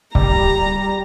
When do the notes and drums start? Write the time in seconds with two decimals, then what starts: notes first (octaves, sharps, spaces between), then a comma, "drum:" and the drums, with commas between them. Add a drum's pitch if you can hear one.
0.15 G3 A#5, drum: kick C#1